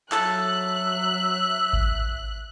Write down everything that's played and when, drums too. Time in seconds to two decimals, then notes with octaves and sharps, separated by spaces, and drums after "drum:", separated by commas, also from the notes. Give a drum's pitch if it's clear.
0.12 F#3 A4 E5 F#6, drum: clap
1.73 drum: kick G#1